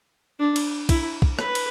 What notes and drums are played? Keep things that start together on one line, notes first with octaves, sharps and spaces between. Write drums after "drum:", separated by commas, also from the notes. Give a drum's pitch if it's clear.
D4
drum: cymbal
E4, drum: kick, cymbal
drum: kick
B4, drum: rim click
drum: cymbal